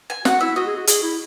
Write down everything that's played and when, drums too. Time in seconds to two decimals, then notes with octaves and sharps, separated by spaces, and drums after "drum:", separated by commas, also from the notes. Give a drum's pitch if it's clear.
0.10 G#5
0.25 F#4 F#5, drum: snare
0.41 E4 E5
0.56 F#4 D#5
0.67 G#4
0.77 F#4
0.87 G#4, drum: hi-hat
1.02 E4